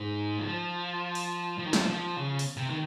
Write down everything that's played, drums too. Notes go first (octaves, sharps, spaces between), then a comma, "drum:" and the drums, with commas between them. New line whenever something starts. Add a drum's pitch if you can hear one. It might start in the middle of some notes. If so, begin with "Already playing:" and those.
Already playing: G#2
F3
drum: open hi-hat
F3
D#3
F3, drum: snare
F3
C#3
drum: open hi-hat
C3
D#3